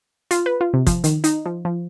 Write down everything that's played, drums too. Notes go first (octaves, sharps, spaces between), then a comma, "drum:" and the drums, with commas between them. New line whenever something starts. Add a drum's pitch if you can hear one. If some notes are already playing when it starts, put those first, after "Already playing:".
F4, drum: hi-hat
B4
F4
C3
F3, drum: kick, hi-hat
D#3, drum: hi-hat
D#4, drum: hi-hat
F3
F3